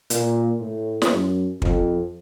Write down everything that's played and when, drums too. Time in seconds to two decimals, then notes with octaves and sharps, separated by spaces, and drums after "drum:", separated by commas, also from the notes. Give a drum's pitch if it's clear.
0.10 A#2, drum: hi-hat
0.60 A2
1.02 drum: snare
1.12 F#2
1.62 F2, drum: kick